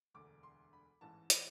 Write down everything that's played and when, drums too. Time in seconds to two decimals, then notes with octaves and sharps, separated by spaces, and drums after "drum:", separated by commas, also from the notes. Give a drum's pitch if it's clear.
0.14 E1 D2 D3 D6
0.43 C6
0.73 B5
1.01 A1 G#2 E3 A5
1.30 B5, drum: hi-hat